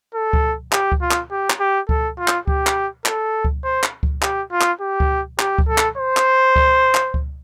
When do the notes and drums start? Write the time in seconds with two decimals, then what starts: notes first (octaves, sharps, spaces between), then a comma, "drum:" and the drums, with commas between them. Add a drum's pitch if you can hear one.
0.14 A4
0.33 drum: kick C#2
0.72 G4, drum: clap
0.92 drum: kick C#2
1.02 F4
1.11 drum: clap
1.31 G4
1.50 drum: clap
1.60 G4
1.89 A4, drum: kick C#2
2.18 F4
2.28 drum: clap
2.47 G4, drum: kick C#2
2.67 drum: clap
3.06 A4, drum: clap
3.45 drum: kick C#2
3.64 C5
3.83 drum: clap
4.03 drum: kick C#2
4.22 G4, drum: clap
4.51 F4
4.61 drum: clap
4.81 G4
5.00 drum: kick C#2
5.39 G4, drum: clap
5.59 drum: kick C#2
5.68 A4
5.78 drum: clap
5.98 C5
6.17 drum: clap
6.56 drum: kick C#2
6.95 drum: clap
7.14 drum: kick C#2